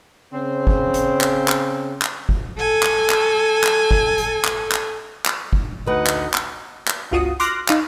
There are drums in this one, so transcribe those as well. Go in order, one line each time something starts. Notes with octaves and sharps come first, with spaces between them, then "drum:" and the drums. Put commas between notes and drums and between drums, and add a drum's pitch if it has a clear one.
C#3 C4
drum: kick
drum: hi-hat
drum: clap
drum: clap
drum: clap
drum: kick
A4 G#5
drum: clap
drum: clap
drum: clap
drum: kick
drum: hi-hat
drum: clap
drum: clap
drum: clap
drum: kick
D2 D#4 B4 D#5 F#5
drum: clap
drum: clap
drum: clap
G1 C#2 F4 F#4 D#6
C6 D6 F6 F#6 A#6, drum: hi-hat
D#4 F5, drum: clap